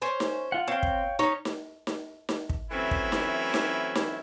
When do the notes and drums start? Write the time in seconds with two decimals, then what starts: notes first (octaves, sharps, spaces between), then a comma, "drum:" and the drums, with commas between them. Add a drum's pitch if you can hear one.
0.02 C#4 C5 C#5
0.20 drum: snare D#4
0.52 F4 F#5
0.68 C4 C#5 F5 G5
0.83 drum: kick
1.19 C#4 D#4 C#5
1.45 drum: snare D#4
1.87 drum: snare D#4
2.29 drum: snare D#4
2.49 drum: kick
2.70 E3 F#3 A3 C4 C#4 E4
2.91 drum: kick
3.12 drum: snare D#4
3.54 drum: snare D#4
3.95 drum: snare D#4